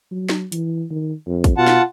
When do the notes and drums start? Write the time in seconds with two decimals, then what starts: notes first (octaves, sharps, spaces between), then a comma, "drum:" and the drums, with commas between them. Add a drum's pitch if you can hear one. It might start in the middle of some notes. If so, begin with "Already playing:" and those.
0.11 F#3
0.29 drum: snare
0.52 E3, drum: hi-hat
0.91 D#3
1.27 F2
1.44 drum: kick, hi-hat
1.57 B2 F4 F#5 A5
1.67 drum: snare